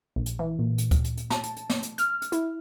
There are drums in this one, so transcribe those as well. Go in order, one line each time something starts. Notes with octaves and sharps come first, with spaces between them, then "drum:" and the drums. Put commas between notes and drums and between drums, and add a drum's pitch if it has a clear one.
A#1
drum: hi-hat
E3
A#2
drum: hi-hat
drum: kick D2, hi-hat
drum: hi-hat
drum: hi-hat
A5, drum: snare
drum: hi-hat
drum: hi-hat
drum: snare
drum: hi-hat
F6, drum: hi-hat
drum: hi-hat
E4, drum: hi-hat